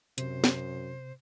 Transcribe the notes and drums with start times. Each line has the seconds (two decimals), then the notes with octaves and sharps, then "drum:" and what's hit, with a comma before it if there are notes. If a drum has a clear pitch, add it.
0.18 F#2 C3 C5, drum: hi-hat
0.44 drum: snare